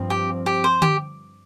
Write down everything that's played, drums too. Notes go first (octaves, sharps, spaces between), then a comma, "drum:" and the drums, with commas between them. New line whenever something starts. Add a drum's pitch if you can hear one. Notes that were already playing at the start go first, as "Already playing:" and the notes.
Already playing: G2 F3 C4
G4
G4
C5
G4, drum: tom D3